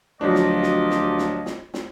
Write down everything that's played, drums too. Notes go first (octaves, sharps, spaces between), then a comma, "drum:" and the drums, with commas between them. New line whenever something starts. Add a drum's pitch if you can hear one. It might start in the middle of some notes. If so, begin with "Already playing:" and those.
D2 F3 F#3 D4 F4 G4 D#5
drum: snare
drum: snare
drum: snare
drum: snare
drum: snare
drum: snare